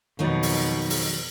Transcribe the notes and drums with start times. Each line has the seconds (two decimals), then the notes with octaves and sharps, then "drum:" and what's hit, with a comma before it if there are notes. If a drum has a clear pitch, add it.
0.19 F2 B2 D#3 F#3 D#4
0.43 drum: open hi-hat
0.90 drum: open hi-hat